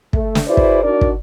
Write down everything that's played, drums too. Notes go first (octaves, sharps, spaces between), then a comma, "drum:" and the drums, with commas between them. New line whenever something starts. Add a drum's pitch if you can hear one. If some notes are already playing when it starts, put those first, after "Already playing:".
A3, drum: kick
drum: snare
E4 F#4 G#4 B4 C5 D5
drum: kick
D4 D#4 F#4 A#4 D5
drum: kick